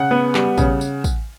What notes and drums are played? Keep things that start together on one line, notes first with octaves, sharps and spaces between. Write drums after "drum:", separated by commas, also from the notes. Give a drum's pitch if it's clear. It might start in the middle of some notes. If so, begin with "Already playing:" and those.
Already playing: C#3 F#5
B3
G3, drum: clap
C#3, drum: kick, tambourine
drum: tambourine
drum: kick, tambourine